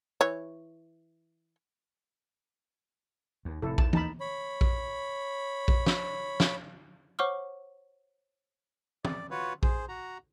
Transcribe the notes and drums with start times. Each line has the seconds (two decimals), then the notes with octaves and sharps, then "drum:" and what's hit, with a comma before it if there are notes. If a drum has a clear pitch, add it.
0.21 E3 C#5
3.45 D#2
3.62 F1 A2 E4 A4
3.78 D#2 A5, drum: kick A#1
3.93 D#4 A5 B5, drum: tom
4.20 C#5 B5
4.61 drum: kick A#1
5.68 drum: kick A#1
5.86 drum: snare
6.40 drum: snare
7.19 C5 C#5 F#5 C#6 D6 F6
9.05 D5, drum: tom
9.31 F4 F#4 B4 C#5
9.63 G#4 C5, drum: kick A#1
9.88 F#4 A#5